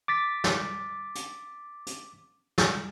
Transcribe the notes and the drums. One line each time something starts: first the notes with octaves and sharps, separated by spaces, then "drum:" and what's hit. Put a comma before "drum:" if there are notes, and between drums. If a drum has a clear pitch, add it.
D6 A6 B6
drum: snare
drum: hi-hat
drum: hi-hat
drum: snare